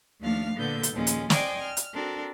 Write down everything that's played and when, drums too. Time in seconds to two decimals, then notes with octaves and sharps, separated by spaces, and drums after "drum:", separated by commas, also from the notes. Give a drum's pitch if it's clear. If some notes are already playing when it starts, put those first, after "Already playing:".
0.20 D#2 F3 A3 D4 F5 F6
0.55 A#2 D3 B3 A4 G6
0.83 drum: hi-hat
0.93 D#2 A#2 F3 G#3 C#4
1.07 drum: hi-hat
1.30 D5 D#5 G5 G#5 C6 D6, drum: snare
1.62 F6
1.77 drum: hi-hat
1.93 C4 D4 F#4 A4 A#4